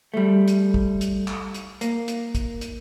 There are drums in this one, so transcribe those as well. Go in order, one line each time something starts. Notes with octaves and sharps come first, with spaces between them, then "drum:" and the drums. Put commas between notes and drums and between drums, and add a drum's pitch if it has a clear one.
G3 A3
drum: hi-hat
drum: kick
drum: hi-hat
drum: clap
drum: hi-hat
A#3, drum: hi-hat
drum: hi-hat
drum: kick, hi-hat
drum: hi-hat